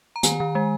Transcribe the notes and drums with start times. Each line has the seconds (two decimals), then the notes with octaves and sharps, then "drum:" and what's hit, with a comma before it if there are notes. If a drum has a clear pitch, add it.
0.16 A#5
0.23 D#3 G#5, drum: hi-hat
0.40 D#3
0.55 G#3